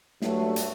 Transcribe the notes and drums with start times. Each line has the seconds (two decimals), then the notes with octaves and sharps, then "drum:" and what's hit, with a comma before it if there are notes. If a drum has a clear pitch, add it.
0.22 G2 F#3 A3, drum: snare
0.56 drum: hi-hat